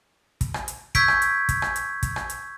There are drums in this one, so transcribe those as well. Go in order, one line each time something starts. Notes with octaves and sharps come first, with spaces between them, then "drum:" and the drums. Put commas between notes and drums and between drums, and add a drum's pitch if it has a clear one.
drum: kick, hi-hat
drum: rim click
drum: hi-hat
C#6 E6 G6 G#6 B6 D7, drum: kick, hi-hat
drum: rim click
drum: hi-hat
drum: kick, hi-hat
drum: rim click
drum: hi-hat
drum: kick, hi-hat
drum: rim click
drum: hi-hat